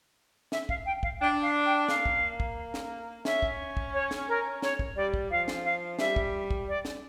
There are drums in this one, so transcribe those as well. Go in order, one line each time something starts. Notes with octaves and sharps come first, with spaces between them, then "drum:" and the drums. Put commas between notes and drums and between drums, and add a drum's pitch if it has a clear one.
E5, drum: snare
F5, drum: kick
G5
F5, drum: kick
D4 G5
F5
G5
A#3 F5, drum: snare
drum: kick
drum: kick
drum: snare
C#4 E5, drum: snare
drum: kick
drum: kick
C#5
drum: snare
A#4
C#5, drum: snare
drum: kick
G3 D5
drum: kick
F3 F5
drum: snare
F5
G3 E5, drum: snare
drum: kick
drum: kick
D5
drum: snare